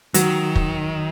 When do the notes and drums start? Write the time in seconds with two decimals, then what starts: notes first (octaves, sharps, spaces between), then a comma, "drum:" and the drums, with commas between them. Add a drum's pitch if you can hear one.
0.14 D#3 F#3, drum: hi-hat
0.55 drum: kick